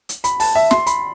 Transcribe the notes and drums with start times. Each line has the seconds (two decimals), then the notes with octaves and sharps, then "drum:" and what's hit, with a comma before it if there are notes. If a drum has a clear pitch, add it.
0.09 drum: hi-hat
0.24 B5, drum: hi-hat
0.40 A5, drum: open hi-hat
0.55 E5
0.71 C6, drum: snare
0.86 B5, drum: hi-hat